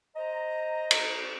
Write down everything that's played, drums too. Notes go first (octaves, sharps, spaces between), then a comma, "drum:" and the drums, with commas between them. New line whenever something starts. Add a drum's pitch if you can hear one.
C5 D#5 A#5
drum: cymbal